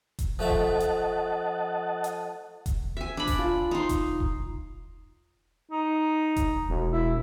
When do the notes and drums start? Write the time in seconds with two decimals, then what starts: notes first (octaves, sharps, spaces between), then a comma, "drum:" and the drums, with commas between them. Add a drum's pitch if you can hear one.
0.19 drum: kick E1, hi-hat
0.39 F3 A3 D#5 E5 F#5 A5
0.49 drum: kick E1
0.80 drum: hi-hat
2.04 drum: hi-hat
2.66 drum: kick E1, hi-hat
2.97 E5 G#5
3.17 D4 B5
3.27 drum: kick E1, open hi-hat
3.39 F4
3.71 D#4 C6
3.89 drum: kick E1, hi-hat
4.20 drum: kick E1
5.71 D#4
6.36 drum: kick E1, hi-hat
6.69 E1
6.92 E4